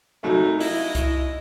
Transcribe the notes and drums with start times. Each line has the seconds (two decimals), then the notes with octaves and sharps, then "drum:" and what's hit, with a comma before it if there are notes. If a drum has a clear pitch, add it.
0.23 C2 F#3 A3 D#4
0.60 E4 D#5, drum: open hi-hat
0.95 E4, drum: kick C2, hi-hat